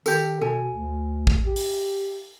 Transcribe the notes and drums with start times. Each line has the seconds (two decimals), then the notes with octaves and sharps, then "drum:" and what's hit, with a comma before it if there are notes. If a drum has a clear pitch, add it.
0.06 D#3 G4 A4, drum: tambourine
0.41 B2 A4 G#5
0.71 D2
1.27 drum: kick
1.46 G4
1.56 drum: open hi-hat